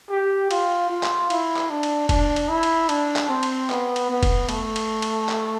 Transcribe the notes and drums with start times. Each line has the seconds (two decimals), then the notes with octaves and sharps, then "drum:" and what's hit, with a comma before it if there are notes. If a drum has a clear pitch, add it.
0.10 G4
0.51 F4, drum: cymbal
0.89 F4
1.03 drum: clap
1.30 E4, drum: cymbal
1.57 drum: clap
1.70 D4
1.83 drum: cymbal
2.09 D4, drum: kick F1, cymbal
2.36 drum: cymbal
2.49 E4
2.63 drum: cymbal
2.89 D4, drum: cymbal
3.16 drum: clap
3.29 C4
3.43 drum: cymbal
3.70 B3, drum: clap
3.96 drum: cymbal
4.10 B3
4.23 drum: kick F1, cymbal
4.49 A3, drum: cymbal
4.76 drum: cymbal
5.02 drum: cymbal
5.29 drum: clap